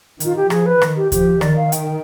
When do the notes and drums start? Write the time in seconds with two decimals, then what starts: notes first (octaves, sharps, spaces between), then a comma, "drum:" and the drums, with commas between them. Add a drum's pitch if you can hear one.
0.20 D#3 F4, drum: hi-hat
0.36 G4
0.50 F3 G#4, drum: rim click
0.66 B4
0.82 D#3, drum: rim click
0.96 G4
1.12 F3 G4, drum: kick D2, hi-hat
1.41 D#3 D5, drum: rim click
1.56 F5
1.72 G5, drum: hi-hat